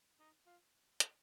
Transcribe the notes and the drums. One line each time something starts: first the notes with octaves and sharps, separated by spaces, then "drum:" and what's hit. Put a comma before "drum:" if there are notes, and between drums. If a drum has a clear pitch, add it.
D#4
F4
drum: hi-hat